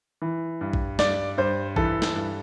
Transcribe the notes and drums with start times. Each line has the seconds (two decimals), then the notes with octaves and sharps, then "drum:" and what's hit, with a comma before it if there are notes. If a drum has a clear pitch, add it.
0.22 E3
0.61 G2
0.73 drum: kick A#1
0.99 G2 D5, drum: snare
1.37 G2 C5
1.76 E3 A4, drum: kick A#1
2.02 drum: snare
2.15 G2